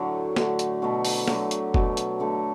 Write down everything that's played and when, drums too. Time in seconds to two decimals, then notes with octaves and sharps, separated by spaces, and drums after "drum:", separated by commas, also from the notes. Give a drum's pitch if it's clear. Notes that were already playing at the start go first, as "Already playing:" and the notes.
Already playing: A2 D3 F#3 A3 D4 E4 F#4
0.36 D3 A3, drum: snare
0.59 drum: hi-hat
0.82 B2 F#3 A3 F#4
1.05 A4, drum: open hi-hat
1.17 B4
1.28 D3 F#3 A3, drum: snare
1.51 drum: hi-hat
1.74 B2 F#3 A3, drum: kick
1.97 drum: hi-hat
2.20 D3 A3 A4